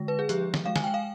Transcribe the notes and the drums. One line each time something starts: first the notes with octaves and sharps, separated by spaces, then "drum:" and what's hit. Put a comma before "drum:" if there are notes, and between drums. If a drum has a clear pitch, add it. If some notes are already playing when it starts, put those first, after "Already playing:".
Already playing: D3 G#3
B4
G#4
F3 G4, drum: hi-hat
drum: snare
G#3 F5
G#5, drum: snare
G5
F5